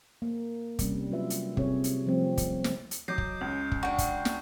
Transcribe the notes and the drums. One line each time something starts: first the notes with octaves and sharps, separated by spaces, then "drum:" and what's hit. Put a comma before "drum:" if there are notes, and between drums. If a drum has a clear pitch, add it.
A#3
C3 G3 C#4, drum: kick, hi-hat
F#3 E4 F4 B4 E5
drum: hi-hat
C3 G#4 C#5, drum: kick
drum: hi-hat
F3 G3 A3 C4
drum: kick, hi-hat
drum: snare
drum: hi-hat
F#3 D#5 D6 G6 C7
drum: kick
C#2 C#4
drum: kick
D4 F#4 G5 C#6
drum: kick, hi-hat
drum: snare